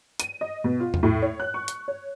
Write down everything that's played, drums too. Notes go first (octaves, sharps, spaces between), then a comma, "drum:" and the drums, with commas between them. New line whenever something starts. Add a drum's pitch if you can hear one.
D#7, drum: hi-hat
D#5
B2
F4
drum: tom E2
A2
C#5
F#6
C#6
drum: hi-hat
C#5